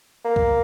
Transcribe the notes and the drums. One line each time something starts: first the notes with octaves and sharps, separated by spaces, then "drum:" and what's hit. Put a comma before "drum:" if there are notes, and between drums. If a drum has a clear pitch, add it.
A#3
drum: kick C2